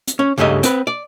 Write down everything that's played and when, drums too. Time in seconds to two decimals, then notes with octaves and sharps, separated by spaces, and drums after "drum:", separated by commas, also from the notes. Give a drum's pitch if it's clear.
0.07 drum: hi-hat
0.19 C#4
0.38 C#2 G2 C#3 A3 G4 D#5
0.63 C4 B4, drum: hi-hat
0.87 D5